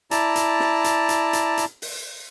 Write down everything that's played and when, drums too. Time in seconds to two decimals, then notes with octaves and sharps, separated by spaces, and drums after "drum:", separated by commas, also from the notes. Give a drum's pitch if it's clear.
0.11 E4 D5 A5 A#5, drum: hi-hat
0.36 drum: hi-hat
0.60 drum: snare
0.84 drum: hi-hat
1.09 drum: hi-hat
1.33 drum: hi-hat
1.57 drum: hi-hat
1.82 drum: open hi-hat